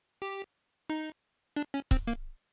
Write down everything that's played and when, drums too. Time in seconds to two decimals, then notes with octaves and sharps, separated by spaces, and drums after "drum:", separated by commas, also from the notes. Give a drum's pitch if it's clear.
0.22 G4
0.90 D#4
1.56 D4
1.74 C#4
1.91 C4, drum: kick
2.07 A#3